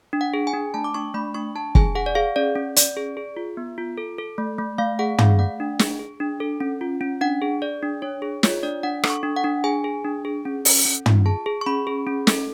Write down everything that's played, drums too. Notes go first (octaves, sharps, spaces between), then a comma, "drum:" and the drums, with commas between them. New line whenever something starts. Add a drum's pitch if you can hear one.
D4
F#5
G#4
G#5
D4
A3 A5
D6
D4 C#6
A3 B5
D4 C#6
D4 A5
G#4 G#5, drum: kick
G#4 F#5
D5
G#4 F5
C#4 D5
C#4
C#4 D5, drum: hi-hat
G#4
G#4
F4
B3
F4
A4
A4
A3
A3
A3 F5
G#4 F#5
A3 F5, drum: tom
A3 F#5
D4
G#4, drum: snare
G#4
D4
A4
C#4
F4
C#4
D4 F#5
G#4
G#4 D5
D4
D4 C#5
G#4
F4 C#5, drum: snare
D4 D5
D4 F#5
A4, drum: rim click
C#6
D4
F#5
D4
G#4 G#5
G#4
D4
G#4
C#4
A4, drum: open hi-hat
C#4
F4, drum: tom
G#4 A5
G#4
C#6
C#4 B5
G#4
C#4
A4, drum: snare